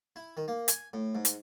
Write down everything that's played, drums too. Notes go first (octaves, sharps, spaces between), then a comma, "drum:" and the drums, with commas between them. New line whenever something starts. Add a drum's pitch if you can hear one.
E4
D#3
A#3
G#5, drum: hi-hat
A2
G#2
drum: hi-hat